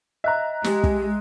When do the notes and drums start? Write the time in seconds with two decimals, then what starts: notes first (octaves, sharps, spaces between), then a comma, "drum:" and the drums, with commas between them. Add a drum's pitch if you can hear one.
0.24 D#5 E5 A#5 F#6
0.64 G#3 G4, drum: snare
0.84 drum: kick